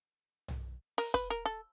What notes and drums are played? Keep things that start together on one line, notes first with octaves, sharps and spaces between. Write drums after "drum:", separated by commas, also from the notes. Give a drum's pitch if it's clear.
drum: tom B1
A#4, drum: open hi-hat
B4, drum: kick
A#4
A4